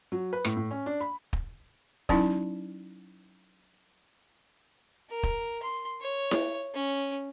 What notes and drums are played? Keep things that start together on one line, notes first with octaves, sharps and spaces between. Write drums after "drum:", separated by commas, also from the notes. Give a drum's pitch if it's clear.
F#3
B4
A2, drum: rim click
A2
C#4
D4
B5
drum: kick
F#3 C#4 D#4 E4, drum: kick
A#4
drum: kick
C6
C#5
drum: snare E4
C#4